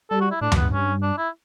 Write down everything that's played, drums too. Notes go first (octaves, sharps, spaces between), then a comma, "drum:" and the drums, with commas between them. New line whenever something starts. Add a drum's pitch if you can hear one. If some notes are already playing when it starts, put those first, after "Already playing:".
G3 A4
F#4
E4
A2 D4
F#2, drum: tom D2
B3
G2
C#4
D4
E4